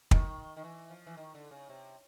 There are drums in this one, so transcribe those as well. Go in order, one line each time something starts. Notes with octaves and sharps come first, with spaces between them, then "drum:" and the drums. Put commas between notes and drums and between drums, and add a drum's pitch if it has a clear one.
D#3, drum: kick
D#3
E3
F3
E3
D#3
D3
C#3
C3